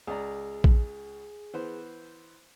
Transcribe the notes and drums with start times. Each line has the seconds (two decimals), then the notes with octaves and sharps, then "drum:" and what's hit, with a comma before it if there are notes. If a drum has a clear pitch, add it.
0.07 C#2 G#4 D5 A#5
0.64 drum: kick
1.54 E3 B3 C5